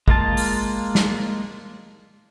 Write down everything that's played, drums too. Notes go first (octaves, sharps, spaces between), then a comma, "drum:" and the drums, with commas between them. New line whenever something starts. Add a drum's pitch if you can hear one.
G#3 A#3 F4 A5, drum: kick
drum: open hi-hat
drum: snare